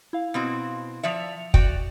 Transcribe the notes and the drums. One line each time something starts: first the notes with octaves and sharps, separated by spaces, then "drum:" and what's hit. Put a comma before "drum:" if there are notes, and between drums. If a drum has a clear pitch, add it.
E4 F5
B2 C4 F#4
F3 D5 E5 C#7 F7
F#4 D5 G5, drum: kick